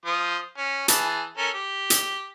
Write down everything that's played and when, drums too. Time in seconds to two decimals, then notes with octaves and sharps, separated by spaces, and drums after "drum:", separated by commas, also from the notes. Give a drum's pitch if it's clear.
0.05 F3 C5 D#6
0.58 C#4
0.88 E3 G#4 A5, drum: hi-hat
1.38 C#4 A4 A#4
1.54 G4
1.90 drum: hi-hat